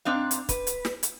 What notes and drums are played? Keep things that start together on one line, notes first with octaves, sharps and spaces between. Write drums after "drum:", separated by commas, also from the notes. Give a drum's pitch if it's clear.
G#2 C4 D4 F5
drum: hi-hat
B4, drum: kick, hi-hat
drum: hi-hat
drum: snare
drum: hi-hat